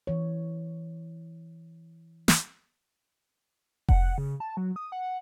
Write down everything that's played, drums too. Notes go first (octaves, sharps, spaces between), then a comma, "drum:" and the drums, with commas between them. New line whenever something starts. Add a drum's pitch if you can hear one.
E3 C#5
drum: snare
F#5, drum: kick F1
C#3
A5
F#3
D#6
F#5